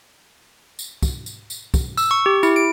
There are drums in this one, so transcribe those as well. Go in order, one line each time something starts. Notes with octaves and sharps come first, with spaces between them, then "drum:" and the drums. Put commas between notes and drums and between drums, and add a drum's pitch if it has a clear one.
drum: tambourine
drum: kick, tambourine
drum: tambourine
drum: tambourine
drum: kick, tambourine
E6, drum: tambourine
C#6
G4
E4, drum: tambourine
D7